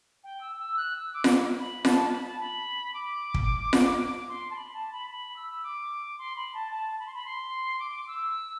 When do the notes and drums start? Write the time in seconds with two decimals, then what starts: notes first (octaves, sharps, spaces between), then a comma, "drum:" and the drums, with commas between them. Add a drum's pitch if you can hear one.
0.23 G5
0.40 E6
0.59 E6
0.76 F#6
0.96 E6
1.13 D6
1.24 drum: snare F4
1.58 B5
1.85 A5, drum: snare F4
2.12 B5
2.26 A5
2.40 B5
2.93 D6
3.34 drum: kick
3.73 drum: snare F4
4.01 D6
4.28 C6
4.50 A5
4.55 B5
4.73 A5
4.92 B5
5.09 B5
5.36 E6
5.63 D6
6.18 C6
6.35 B5
6.53 A5
6.71 A5
6.99 B5
7.06 C6
7.13 B5
7.25 C6
7.79 D6
7.96 D6
8.07 E6